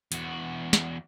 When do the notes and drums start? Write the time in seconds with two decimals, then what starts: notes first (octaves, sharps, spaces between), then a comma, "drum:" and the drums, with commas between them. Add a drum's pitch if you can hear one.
0.12 E2 F#4, drum: hi-hat
0.73 drum: snare